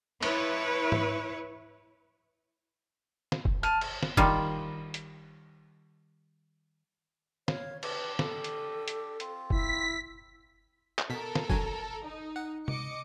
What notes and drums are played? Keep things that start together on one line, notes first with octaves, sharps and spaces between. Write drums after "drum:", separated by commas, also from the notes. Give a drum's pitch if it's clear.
E4 B4 C#5, drum: cymbal
drum: tom
drum: snare
drum: kick F1
A5 F6 D#7, drum: hi-hat
drum: cymbal
drum: snare
D#3 G3 F4, drum: kick F1
drum: hi-hat
C#5 F5, drum: snare
D4 G4 B4, drum: cymbal
A4, drum: snare
drum: hi-hat
drum: hi-hat
C4 F4, drum: hi-hat
E4 B6, drum: kick F1
drum: clap
B2 A4 A#4 B6
drum: snare
D3 F#3 G#5, drum: kick F1
D#4
F#5
D#5 D6 C#7, drum: tom C3